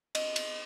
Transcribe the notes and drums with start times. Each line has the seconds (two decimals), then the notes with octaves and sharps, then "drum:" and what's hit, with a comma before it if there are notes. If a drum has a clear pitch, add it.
0.15 D#5, drum: cymbal
0.36 drum: cymbal